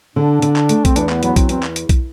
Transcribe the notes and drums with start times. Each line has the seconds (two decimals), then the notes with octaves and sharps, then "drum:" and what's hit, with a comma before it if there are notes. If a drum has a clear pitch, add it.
0.16 D3 D4
0.42 D3, drum: hi-hat
0.56 drum: clap
0.69 A3, drum: hi-hat
0.85 C4, drum: kick B1, hi-hat
0.96 E2 D4, drum: hi-hat
1.09 B3, drum: clap
1.23 F#3 B3, drum: hi-hat
1.36 C4, drum: kick B1, hi-hat
1.49 E2 C4, drum: hi-hat
1.63 drum: clap
1.76 drum: hi-hat
1.89 drum: kick B1, hi-hat